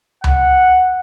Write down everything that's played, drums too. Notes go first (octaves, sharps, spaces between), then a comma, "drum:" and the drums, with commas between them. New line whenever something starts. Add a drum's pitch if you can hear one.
F#5, drum: tom C#2